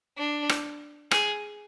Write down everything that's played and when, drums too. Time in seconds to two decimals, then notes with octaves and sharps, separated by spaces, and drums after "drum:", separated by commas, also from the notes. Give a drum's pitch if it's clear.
0.18 D4
0.49 drum: rim click
1.11 G#4, drum: rim click